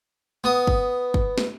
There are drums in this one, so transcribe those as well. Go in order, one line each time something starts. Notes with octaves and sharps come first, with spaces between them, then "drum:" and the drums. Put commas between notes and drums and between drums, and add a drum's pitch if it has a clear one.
B3 D#6
drum: kick
drum: kick
drum: snare